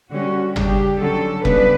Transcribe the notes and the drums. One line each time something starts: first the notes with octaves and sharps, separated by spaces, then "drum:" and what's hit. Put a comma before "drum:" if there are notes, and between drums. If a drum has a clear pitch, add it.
D3 G3 C#4 F#4
C#3 G3 D4 G4, drum: tom G1
D3 F#3 C#4 A4
C#3 G3 B3 D4 B4, drum: kick F1